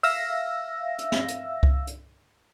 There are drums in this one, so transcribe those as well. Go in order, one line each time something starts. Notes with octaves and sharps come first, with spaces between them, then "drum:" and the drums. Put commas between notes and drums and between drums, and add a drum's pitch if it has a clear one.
E5 F5 E6 A#6, drum: open hi-hat
drum: hi-hat
drum: snare
drum: hi-hat
drum: kick C2
drum: hi-hat